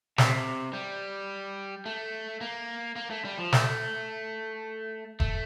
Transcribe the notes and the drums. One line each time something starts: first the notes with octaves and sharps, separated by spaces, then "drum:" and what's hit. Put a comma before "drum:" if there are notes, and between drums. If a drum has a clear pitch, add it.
C3, drum: snare
G3
A3
A#3
A#3
A3
G3
F3
A3, drum: snare
A3, drum: kick E1